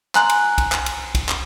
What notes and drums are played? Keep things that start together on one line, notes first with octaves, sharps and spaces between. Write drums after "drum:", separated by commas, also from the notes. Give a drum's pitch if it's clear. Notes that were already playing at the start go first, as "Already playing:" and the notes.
G#5 A#5 C6 F#6 F#7, drum: clap
drum: cymbal
drum: kick, cymbal
drum: clap
drum: cymbal
drum: kick, cymbal
drum: clap